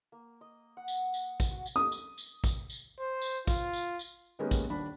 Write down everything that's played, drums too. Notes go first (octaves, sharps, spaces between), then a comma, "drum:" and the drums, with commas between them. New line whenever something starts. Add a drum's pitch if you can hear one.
A#3
D#5
F#5
drum: tambourine
drum: tambourine
drum: kick A1, tambourine
F#4
drum: tambourine
D#6
drum: tambourine
drum: tambourine
drum: kick A1, tambourine
drum: tambourine
C5
drum: tambourine
F4, drum: kick A1, tambourine
drum: tambourine
drum: tambourine
D#3 G#3 A#3 B3 C#4 G4
drum: kick A1, tambourine
D#1 D4 B5